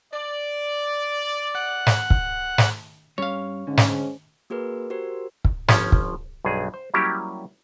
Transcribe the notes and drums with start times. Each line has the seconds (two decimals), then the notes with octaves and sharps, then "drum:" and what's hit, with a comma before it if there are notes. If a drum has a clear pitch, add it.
0.13 D5
1.55 F#5
1.87 drum: snare
2.10 drum: kick
2.58 drum: snare
3.18 G2 G3 C#4 C#5 F5
3.67 G#2 D3 C#4
3.77 drum: snare
4.50 A#3 F#4 G#4 A#4 B4
4.90 F#4 G4 A#4 C5
5.45 drum: kick
5.68 G1 F3 C#4, drum: snare
5.92 drum: kick
6.45 B1 G2 G#4
6.74 C5
6.94 F#3 G3 A#3 C#4 E4 G4